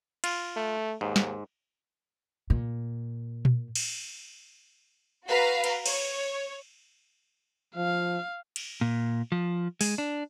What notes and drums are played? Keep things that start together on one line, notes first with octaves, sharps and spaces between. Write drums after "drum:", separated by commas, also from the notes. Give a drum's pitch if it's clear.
F4, drum: cymbal
A3
D#2 G#2
drum: snare
A#2
drum: tom A#2
drum: cymbal
F#4 B4 F5 A#5
drum: cymbal
C#5, drum: cymbal
F3 F5
drum: cymbal
A#2
F3
G#3, drum: open hi-hat
D4